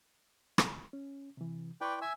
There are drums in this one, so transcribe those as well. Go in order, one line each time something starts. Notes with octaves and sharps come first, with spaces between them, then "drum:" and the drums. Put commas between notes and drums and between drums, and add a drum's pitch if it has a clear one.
drum: rim click
C#4
C3 E3
E4 B4 D5 G5 C6 C#6
E5 G#5 E6